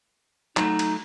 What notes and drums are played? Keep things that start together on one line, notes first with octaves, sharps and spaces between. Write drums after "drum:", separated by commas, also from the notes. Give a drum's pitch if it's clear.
F#3 A3 D#4, drum: clap
drum: cymbal